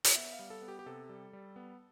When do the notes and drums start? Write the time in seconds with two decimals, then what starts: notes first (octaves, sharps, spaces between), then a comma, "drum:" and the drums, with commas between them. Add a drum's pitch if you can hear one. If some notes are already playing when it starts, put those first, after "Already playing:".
0.04 drum: hi-hat
0.15 B3 E5
0.33 F5
0.39 G3
0.50 A4
0.62 B3
0.68 G4
0.79 G4
0.86 C3 A4
1.09 G3
1.33 G3
1.56 B3